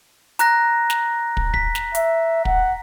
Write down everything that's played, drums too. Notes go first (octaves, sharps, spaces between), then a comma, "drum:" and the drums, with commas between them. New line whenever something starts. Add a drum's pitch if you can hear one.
A#5 F#6 A#6, drum: hi-hat
drum: snare
drum: kick
B6, drum: kick
drum: snare
E5, drum: hi-hat
F#5, drum: kick